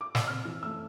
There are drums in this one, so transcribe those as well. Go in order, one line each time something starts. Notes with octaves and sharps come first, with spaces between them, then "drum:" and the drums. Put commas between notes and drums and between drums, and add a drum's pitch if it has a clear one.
D6
E6, drum: snare
C4 F6
E3
A3 E6